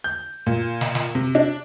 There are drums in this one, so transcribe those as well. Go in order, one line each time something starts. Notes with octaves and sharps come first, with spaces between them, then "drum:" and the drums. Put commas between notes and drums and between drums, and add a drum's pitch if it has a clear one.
G6
A#2
drum: snare
drum: snare
C3
D4